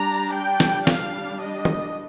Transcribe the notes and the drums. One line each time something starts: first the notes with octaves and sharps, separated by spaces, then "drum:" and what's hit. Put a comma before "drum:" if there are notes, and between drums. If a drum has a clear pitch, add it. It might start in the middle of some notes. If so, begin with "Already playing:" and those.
Already playing: G3 D4 A#5
G5
drum: snare
G3 D4 F5, drum: snare
D#5
drum: tom